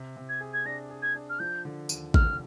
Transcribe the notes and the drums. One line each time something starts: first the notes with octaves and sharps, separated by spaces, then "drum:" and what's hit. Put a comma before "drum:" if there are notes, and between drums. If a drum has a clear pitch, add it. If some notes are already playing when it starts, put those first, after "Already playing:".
Already playing: C3
C3
G#6
G#4
G#6
D4 A#6
G#4
G#6
D4
F6
F3 G6
D3
D#2, drum: tambourine
F1 F6, drum: kick